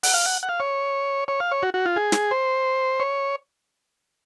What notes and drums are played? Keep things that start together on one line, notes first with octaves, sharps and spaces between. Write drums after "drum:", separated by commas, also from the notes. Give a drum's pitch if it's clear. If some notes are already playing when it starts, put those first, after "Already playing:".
F#5, drum: open hi-hat
F5
F#5
F#5
F5
C#5
C#5
F5
C#5
F#4
F#4
F4
G#4
drum: snare
C5
C#5